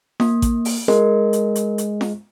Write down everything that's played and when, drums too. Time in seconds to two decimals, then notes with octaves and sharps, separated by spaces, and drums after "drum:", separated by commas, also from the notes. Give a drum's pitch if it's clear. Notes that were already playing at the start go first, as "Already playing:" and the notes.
0.20 A#3, drum: snare
0.42 drum: kick A1, hi-hat
0.65 drum: open hi-hat
0.88 G#3 A#4, drum: snare
1.33 drum: hi-hat
1.55 drum: hi-hat
1.78 drum: hi-hat
2.01 drum: snare